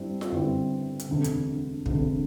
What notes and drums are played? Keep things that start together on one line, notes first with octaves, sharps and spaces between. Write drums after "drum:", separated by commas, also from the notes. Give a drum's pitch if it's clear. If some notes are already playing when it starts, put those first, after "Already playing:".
Already playing: G2 G3 C4 E4
drum: snare F4
G1 G2 G3 C4 E4
drum: hi-hat
E1 D2 C3
drum: hi-hat
E1 D2 C3, drum: kick